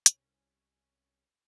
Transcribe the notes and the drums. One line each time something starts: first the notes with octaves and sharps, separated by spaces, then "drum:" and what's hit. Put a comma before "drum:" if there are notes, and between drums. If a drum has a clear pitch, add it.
C2 C#4, drum: hi-hat